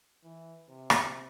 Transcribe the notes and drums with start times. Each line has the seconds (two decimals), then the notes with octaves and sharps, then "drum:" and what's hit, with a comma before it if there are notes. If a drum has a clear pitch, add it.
0.24 E3
0.68 C3
0.90 drum: rim click